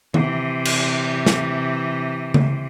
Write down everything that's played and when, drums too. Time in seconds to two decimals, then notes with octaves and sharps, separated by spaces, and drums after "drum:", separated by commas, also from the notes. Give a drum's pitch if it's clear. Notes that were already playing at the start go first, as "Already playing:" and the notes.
0.14 C3 E3, drum: tom D#3
0.65 drum: cymbal
1.26 drum: snare
2.34 drum: tom C#3